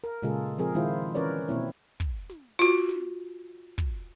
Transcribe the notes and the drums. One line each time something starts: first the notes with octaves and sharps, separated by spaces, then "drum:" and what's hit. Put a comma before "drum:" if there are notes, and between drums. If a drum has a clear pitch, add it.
A#4
A#2 C#3 G#3 F4 G#4 A4
F3 C4 G#4 A#4
D#3 G#3 E4 F4 C5
E3 C#4 A#4 B4 C#5 D5
B2 A#3 C4 E4 C#5
drum: kick
drum: snare
F4 F#4
drum: snare
drum: kick